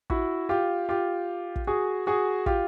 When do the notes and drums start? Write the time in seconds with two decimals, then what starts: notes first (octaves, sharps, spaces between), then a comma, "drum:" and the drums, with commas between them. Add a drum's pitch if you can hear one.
0.10 E4 F#4, drum: kick
0.49 F4 G4
0.89 F4 G4
1.56 drum: kick
1.67 F#4 G#4
2.07 F#4 G#4
2.46 F4 G4, drum: kick